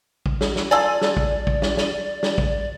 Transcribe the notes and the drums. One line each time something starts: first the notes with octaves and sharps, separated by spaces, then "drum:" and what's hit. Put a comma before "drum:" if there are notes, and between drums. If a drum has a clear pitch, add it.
drum: kick
drum: snare
drum: snare
F4 A4 D5 G#5
drum: snare
drum: kick
drum: kick
drum: snare
drum: snare
drum: snare
drum: kick